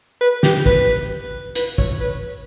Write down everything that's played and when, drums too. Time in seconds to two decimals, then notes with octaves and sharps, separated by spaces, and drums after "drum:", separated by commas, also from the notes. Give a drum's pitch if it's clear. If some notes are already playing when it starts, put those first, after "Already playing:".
0.21 B4
0.43 G4, drum: snare
0.66 B4, drum: kick
1.55 B4, drum: hi-hat
1.78 C#5, drum: kick
2.00 B4